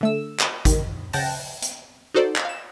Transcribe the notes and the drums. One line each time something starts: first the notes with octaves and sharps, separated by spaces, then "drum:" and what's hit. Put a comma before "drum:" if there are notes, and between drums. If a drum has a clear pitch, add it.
D3 A3 E6
drum: clap
G1 D#2 D#3, drum: kick G#1, hi-hat
C#3 F#5 G5 A5 A#6 E7, drum: open hi-hat
drum: hi-hat
D#4 F#4 A4 C5 D5
drum: clap
F5 E7